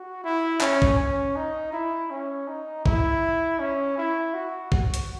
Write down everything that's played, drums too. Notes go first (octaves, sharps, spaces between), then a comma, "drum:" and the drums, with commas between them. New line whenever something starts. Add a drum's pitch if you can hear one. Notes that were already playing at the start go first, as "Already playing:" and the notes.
Already playing: F#4
E4
C#4, drum: clap
drum: kick A1
C#4
D#4
E4
C#4
D#4
E4, drum: kick A1
C#4
E4
F#4
F#4, drum: kick A1
drum: hi-hat